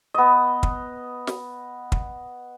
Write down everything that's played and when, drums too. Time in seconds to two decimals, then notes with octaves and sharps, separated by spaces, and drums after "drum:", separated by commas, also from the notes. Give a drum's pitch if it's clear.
0.14 B3 D#5
0.63 drum: kick
1.27 drum: snare
1.92 drum: kick